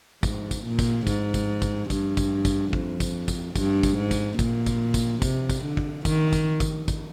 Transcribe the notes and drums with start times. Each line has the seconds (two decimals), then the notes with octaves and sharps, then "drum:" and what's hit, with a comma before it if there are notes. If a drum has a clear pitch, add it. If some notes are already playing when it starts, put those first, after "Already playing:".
0.23 G#2, drum: kick, tambourine
0.51 drum: kick, tambourine
0.65 A#2
0.79 drum: kick, tambourine
1.07 G#2, drum: kick, tambourine
1.34 drum: kick, tambourine
1.62 drum: kick, tambourine
1.90 G2, drum: kick, tambourine
2.17 drum: kick, tambourine
2.45 drum: kick, tambourine
2.73 F2, drum: kick
3.00 drum: kick, tambourine
3.28 drum: kick, tambourine
3.56 G2, drum: kick, tambourine
3.83 drum: kick, tambourine
3.97 G#2
4.11 drum: kick, tambourine
4.39 A#2, drum: kick, tambourine
4.66 drum: kick, tambourine
4.94 drum: kick, tambourine
5.22 C3, drum: kick, tambourine
5.50 drum: kick, tambourine
5.63 D3
5.77 drum: kick
6.05 D#3, drum: kick, tambourine
6.33 drum: kick, tambourine
6.60 drum: kick, tambourine
6.88 drum: kick, tambourine